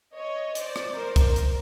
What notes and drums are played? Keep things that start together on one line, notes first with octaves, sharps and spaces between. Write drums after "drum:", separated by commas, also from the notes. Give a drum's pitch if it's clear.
C#5 D#5
C5 D5, drum: hi-hat
drum: rim click
A#4 C5
drum: kick, hi-hat
drum: hi-hat